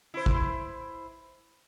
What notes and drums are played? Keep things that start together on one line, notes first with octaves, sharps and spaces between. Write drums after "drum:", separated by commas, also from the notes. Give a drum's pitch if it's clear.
E4 C5
drum: kick